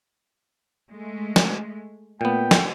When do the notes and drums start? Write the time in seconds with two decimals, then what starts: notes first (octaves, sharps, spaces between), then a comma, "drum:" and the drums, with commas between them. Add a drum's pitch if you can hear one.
0.90 G#3 A3
1.36 drum: snare
2.21 A#2 A3 B3 G5
2.51 drum: snare